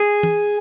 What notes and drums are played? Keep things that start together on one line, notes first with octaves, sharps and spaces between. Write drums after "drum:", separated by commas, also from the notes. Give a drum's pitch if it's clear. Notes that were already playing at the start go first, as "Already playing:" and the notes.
Already playing: G#4
drum: tom